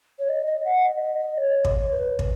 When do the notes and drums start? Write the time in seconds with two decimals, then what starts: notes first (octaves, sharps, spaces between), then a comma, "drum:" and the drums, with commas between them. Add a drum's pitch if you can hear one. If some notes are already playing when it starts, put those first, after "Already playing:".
0.19 C#5
0.29 D#5
0.47 D#5
0.65 F#5
0.83 D#5
1.01 D#5
1.19 D#5
1.37 C#5
1.65 drum: kick
1.92 B4
2.19 drum: kick